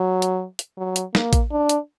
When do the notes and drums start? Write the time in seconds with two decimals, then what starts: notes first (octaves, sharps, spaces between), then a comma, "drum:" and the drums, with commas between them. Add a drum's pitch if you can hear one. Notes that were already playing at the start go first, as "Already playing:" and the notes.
Already playing: F#3
0.22 drum: hi-hat
0.59 drum: hi-hat
0.78 F#3
0.96 drum: hi-hat
1.15 A#3, drum: snare
1.33 drum: kick A1, hi-hat
1.51 D4
1.69 drum: hi-hat